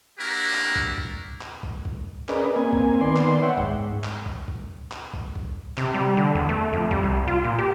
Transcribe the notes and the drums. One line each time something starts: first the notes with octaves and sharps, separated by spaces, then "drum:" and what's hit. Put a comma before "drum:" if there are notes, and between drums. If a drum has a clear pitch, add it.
A#3 D4 E4 F#4 G4 A#4
drum: clap
drum: kick
drum: kick
drum: clap
drum: kick
drum: kick
C#4 G#4 A#4 B4 D5 D#5, drum: clap
A#3 C4 G#5
drum: kick
D#3 B3 D5 C6
drum: clap
C#5 E5 F#5 G5
G#2, drum: kick
drum: clap
drum: kick
drum: kick
drum: clap
drum: kick
drum: kick
C3, drum: clap
G3
D3
E2
A3
F2
G3, drum: kick
C2
F4
A#2
G4